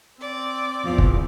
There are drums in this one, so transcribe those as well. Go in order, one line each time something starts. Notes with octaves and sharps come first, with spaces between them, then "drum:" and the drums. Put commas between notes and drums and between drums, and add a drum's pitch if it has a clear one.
C4 D5
E2 F3
drum: kick